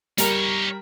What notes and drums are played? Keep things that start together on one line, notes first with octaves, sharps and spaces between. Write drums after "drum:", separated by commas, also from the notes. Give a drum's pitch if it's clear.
G3 D#4 A#4 C#5, drum: hi-hat